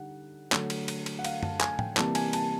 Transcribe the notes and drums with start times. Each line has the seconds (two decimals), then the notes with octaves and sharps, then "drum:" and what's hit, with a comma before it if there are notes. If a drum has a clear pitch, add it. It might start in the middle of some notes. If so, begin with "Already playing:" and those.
Already playing: D3 G3 D#4 F#5
0.52 D3 F#3 A3, drum: clap
0.70 drum: cymbal
0.88 drum: cymbal
1.06 drum: cymbal
1.19 F#5
1.24 F5, drum: cymbal
1.43 A5, drum: tom F#2
1.61 G#5, drum: clap
1.79 G5, drum: tom A2
1.97 C3 E3 G3 A#3 A5, drum: clap
2.15 G#5, drum: cymbal
2.33 A5, drum: cymbal